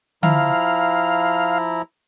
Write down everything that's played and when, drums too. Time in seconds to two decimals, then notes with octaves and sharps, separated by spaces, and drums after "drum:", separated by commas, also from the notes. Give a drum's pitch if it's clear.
0.23 F3 E4 F5 A#5, drum: tom D3